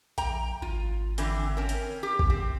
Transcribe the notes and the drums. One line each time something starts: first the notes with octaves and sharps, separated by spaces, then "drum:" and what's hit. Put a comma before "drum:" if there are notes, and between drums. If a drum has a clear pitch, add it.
A#1 G5 A#5, drum: hi-hat
G#1 F4
D3 E3 C4, drum: hi-hat
C4 C#4 A#4
drum: hi-hat
G4
drum: kick
A1 C4